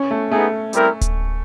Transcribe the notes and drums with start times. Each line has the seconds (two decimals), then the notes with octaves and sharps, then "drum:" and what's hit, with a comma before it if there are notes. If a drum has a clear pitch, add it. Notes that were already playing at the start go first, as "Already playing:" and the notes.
Already playing: C#4
0.11 A3
0.31 A3 B3 D#4 G#4
0.73 G3 C4 E4 G4 A#4, drum: hi-hat
1.01 drum: kick D1, hi-hat